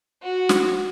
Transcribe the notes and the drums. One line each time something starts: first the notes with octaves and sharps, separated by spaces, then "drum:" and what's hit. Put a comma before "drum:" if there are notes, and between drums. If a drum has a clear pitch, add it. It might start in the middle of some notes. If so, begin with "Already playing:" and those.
F#4
drum: snare